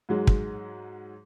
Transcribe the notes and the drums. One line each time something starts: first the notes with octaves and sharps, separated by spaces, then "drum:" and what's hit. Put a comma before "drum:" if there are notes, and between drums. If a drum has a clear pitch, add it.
G#2 F#3 G#3
drum: kick